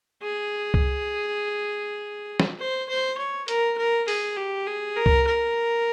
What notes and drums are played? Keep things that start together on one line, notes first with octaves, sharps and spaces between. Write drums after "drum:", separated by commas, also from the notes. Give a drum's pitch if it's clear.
G#4
drum: kick C2
drum: snare
C5
C5
C#5
A#4, drum: hi-hat
A#4
G#4, drum: open hi-hat
G4
G#4
A#4
drum: kick C2
A#4